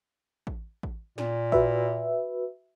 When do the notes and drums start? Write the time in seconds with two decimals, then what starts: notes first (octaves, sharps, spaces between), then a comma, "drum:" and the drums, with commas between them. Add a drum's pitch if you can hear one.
0.47 drum: kick A1
0.83 drum: kick A1
1.18 A#2, drum: snare
1.52 F#4 B4 E5, drum: kick A1